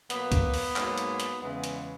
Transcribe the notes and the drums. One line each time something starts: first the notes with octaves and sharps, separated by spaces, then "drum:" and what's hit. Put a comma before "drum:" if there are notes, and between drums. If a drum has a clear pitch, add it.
B2 F#3 A#3 B3, drum: hi-hat
drum: kick, hi-hat
drum: open hi-hat
G#2 F#3 A#3, drum: clap
drum: hi-hat
drum: hi-hat
E2 C#3 E3 G#3 B3
drum: hi-hat